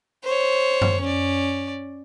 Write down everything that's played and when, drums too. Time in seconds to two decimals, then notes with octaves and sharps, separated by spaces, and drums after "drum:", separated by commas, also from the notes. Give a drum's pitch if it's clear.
0.24 C5 C#5
0.81 drum: tom F#2
1.01 C#4 D5